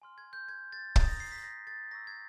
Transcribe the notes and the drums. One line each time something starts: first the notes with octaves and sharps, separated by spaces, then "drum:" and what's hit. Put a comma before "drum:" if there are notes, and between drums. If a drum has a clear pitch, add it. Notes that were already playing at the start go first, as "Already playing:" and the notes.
G#5 C6 F6
G#6
G6
G#6
A6
A#5 D#6 G6 A6, drum: kick
A#6
C7
B6
A#6
A6
A#5 C#6 E6 A#6
G#6